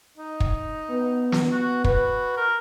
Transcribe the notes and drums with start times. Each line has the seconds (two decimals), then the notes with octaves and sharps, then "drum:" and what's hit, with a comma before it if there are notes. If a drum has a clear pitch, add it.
0.18 D#4
0.40 drum: kick
0.88 B3
1.32 drum: snare
1.52 F#4
1.84 F#4 B4, drum: kick
2.37 A#4